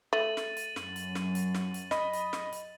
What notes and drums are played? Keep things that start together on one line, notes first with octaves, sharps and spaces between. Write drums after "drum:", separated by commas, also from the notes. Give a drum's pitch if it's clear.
A3 A6 D#7 F#7
drum: snare
drum: hi-hat
F#2, drum: snare
drum: hi-hat
drum: snare
drum: hi-hat
drum: snare
drum: hi-hat
D#5 B5, drum: snare
drum: hi-hat
drum: snare
drum: hi-hat